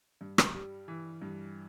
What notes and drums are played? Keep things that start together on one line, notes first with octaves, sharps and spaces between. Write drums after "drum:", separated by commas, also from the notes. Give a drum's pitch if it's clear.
G2
drum: rim click
G3
E3
G2